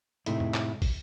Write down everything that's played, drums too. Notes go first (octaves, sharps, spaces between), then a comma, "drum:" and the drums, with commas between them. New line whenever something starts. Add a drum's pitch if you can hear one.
A2 C3 G#3 A3 D#4 E4, drum: hi-hat
drum: tom F2
drum: clap
drum: kick, open hi-hat